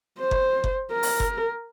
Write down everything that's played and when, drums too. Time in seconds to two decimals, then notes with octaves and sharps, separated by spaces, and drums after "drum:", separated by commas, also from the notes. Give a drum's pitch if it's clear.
0.20 C5
0.31 drum: kick F#1
0.64 drum: kick F#1
0.92 A#4
1.03 drum: open hi-hat
1.20 drum: kick F#1